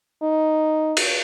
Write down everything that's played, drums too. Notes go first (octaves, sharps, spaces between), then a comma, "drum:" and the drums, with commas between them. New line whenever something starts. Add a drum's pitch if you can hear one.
D#4
drum: cymbal